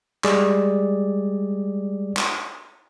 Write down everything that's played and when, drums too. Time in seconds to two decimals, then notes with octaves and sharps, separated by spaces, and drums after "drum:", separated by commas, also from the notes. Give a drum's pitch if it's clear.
0.24 G3 G#3 G#4 D5, drum: clap
2.17 drum: clap